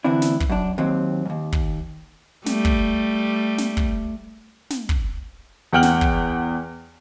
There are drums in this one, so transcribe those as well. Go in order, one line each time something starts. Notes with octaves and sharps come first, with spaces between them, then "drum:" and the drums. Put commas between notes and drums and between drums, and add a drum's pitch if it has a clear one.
D3 E3 B3 C4 D4 E4
drum: snare
drum: kick
F#2 D4
D#2 F#3 C4
D#2 G#2
drum: kick
G3 A3, drum: snare
drum: kick
drum: snare
drum: kick
drum: snare
drum: kick
E2 F#5 G5 F6 F#7
drum: snare
drum: kick